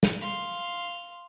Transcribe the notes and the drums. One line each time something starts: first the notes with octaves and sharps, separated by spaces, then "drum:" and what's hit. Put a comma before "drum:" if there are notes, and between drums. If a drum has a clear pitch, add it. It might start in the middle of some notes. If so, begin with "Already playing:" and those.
drum: snare
F5 C6